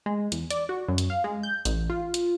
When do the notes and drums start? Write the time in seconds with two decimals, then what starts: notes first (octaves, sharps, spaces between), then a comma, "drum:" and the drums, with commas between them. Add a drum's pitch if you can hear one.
0.06 G#3
0.32 E2, drum: hi-hat
0.50 D5, drum: hi-hat
0.69 F#4
0.88 F#2
0.98 drum: hi-hat
1.10 F5
1.24 G#3
1.43 G6
1.65 A1, drum: hi-hat
1.90 F4
2.14 drum: hi-hat